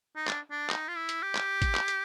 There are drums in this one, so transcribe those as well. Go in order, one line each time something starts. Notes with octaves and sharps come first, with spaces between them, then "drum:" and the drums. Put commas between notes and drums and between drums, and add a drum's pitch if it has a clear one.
D#4
D4, drum: clap
D4
D#4, drum: clap
F4
E4
drum: hi-hat
G4
drum: clap
drum: kick, hi-hat
drum: clap
drum: hi-hat